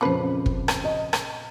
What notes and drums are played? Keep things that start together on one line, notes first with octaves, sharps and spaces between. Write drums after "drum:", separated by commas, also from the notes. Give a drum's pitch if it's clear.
F2 A#2 C#3 F3 C4 B4 C5
drum: kick
drum: rim click
D#5
drum: rim click